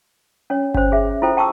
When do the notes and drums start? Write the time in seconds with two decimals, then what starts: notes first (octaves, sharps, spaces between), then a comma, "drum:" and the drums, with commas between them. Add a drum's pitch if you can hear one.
0.50 C#4 C#5
0.74 C#4 C5, drum: kick G1
0.92 G#4 E5
1.22 E4 F4 A4 C5 G5
1.37 G5 A5 C#6 D6 E6